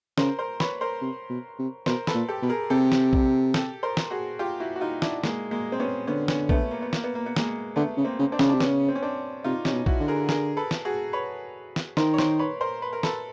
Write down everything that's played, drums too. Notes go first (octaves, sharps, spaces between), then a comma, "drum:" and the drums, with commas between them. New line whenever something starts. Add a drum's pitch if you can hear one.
C#3 A#4 C5, drum: snare
A#4 C5
B4 C#5, drum: snare
A#4 C5
C3
B2
C3
B2 A#4 C5, drum: snare
A4 B4, drum: snare
A#2
G4 A4
B2
G#4 A#4
C3 G4 A4
drum: snare
drum: kick A#1
G4 A4, drum: snare
A#4 C5
drum: snare
F#4 G#4
F4 G4
E4 F#4
F#4
D#4 F4
D4 E4, drum: snare
G#3 A#3, drum: snare
G#3 A#3
C4
B3 C#4
D3 B3 C#4
B3 C#4, drum: snare
A3 B3, drum: kick A#1
A#3
B3
A#3, drum: snare
B3
A#3
B3
G#3 A#3, drum: snare
D3 A3 B3
C#3
A#3 C4
C#3
C4 D4
C#3, drum: snare
C3 D4
B3 C#4, drum: snare
C#3
C4
C#4
C4 D4
C3 D#4 F4
C3 C#4 D#4, drum: snare
B2
E4 F#4, drum: kick A#1
D3
G#4 A#4
G#4 A#4, drum: snare
A4 B4
drum: snare
F#4 G#4
B4 C#5
drum: snare
D#3 A#4 C5, drum: snare
C#5
A#4 C5, drum: snare
B4 C#5
A#4 C5
B4
A#4
A4 B4, drum: snare